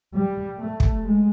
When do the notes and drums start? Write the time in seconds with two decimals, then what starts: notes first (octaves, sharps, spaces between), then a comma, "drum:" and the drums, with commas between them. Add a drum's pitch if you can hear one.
0.16 G3
0.58 A3
0.80 drum: kick
1.01 G#3